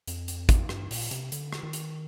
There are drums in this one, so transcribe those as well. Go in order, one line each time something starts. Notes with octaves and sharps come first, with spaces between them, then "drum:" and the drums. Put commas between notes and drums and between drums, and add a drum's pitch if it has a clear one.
F2, drum: hi-hat
drum: hi-hat
drum: kick, hi-hat
G2, drum: rim click
A#2, drum: open hi-hat
C3, drum: hi-hat
D3, drum: hi-hat
drum: rim click
D#3
drum: hi-hat